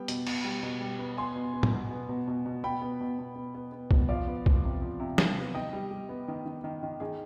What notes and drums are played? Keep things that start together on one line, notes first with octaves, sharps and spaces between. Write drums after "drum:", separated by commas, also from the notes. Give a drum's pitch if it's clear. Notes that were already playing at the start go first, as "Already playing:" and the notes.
Already playing: G3 B3 G5
B2, drum: hi-hat
B2, drum: cymbal
G3
B2
G3
B3
B3 G#5 C6
B2
B3
drum: tom
B2
B3
B2
B2
B2
B2 G5 B5
B3
B2
B2
B3
B3
B3
B2, drum: kick
F3 D5 F5
B3
F3, drum: kick
C3
F3
C3
C3, drum: snare
B3
D#3 D#5 G5
G3
G3
B3
D#3
D#3
D#3
D#3
D#3 G#4